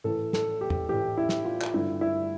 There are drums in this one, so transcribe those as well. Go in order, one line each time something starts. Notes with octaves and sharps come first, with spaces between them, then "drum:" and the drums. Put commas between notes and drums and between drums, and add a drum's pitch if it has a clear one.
A2 E3 A4
A4, drum: snare
G4
drum: tom
A2 E3 G4
E4
drum: snare
F4
drum: clap
G2 D3 E4
E4